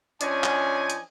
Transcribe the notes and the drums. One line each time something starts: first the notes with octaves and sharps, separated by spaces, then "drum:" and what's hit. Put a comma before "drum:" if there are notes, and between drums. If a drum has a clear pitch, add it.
F3 C#4 D4 D#5 G#5, drum: hi-hat
drum: clap
drum: hi-hat